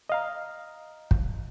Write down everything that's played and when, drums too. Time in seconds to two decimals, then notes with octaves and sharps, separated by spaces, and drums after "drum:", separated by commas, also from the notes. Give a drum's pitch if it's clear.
0.09 D#5 F5 A#5
1.11 drum: kick